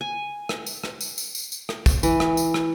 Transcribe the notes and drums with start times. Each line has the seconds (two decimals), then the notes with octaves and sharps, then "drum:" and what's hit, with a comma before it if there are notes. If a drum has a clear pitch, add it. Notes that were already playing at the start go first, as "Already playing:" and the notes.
0.01 G#5
0.49 drum: rim click
0.66 drum: tambourine
0.84 drum: rim click
1.01 drum: tambourine
1.18 drum: tambourine
1.35 drum: tambourine
1.52 drum: tambourine
1.69 drum: rim click
1.86 drum: kick, tambourine
2.03 E3, drum: tambourine
2.20 drum: rim click
2.37 drum: tambourine
2.54 drum: rim click